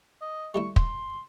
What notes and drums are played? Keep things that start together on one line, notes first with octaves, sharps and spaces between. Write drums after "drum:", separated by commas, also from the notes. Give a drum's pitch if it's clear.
D#5
G3 A3 E4 C#6
C6, drum: kick